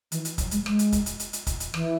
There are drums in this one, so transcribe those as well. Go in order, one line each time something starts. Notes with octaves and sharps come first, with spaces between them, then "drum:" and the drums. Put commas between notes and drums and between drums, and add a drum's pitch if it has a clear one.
E3, drum: hi-hat
drum: hi-hat
F#3, drum: kick, hi-hat
G#3, drum: hi-hat
G#3, drum: rim click
drum: hi-hat
drum: kick, hi-hat
drum: hi-hat
drum: hi-hat
drum: hi-hat
drum: kick, hi-hat
drum: hi-hat
E3, drum: rim click